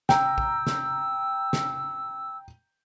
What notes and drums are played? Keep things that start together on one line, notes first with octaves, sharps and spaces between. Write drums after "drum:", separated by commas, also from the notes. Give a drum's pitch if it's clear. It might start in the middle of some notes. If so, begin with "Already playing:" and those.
G5 A#5 E6, drum: snare
drum: kick
drum: snare
drum: snare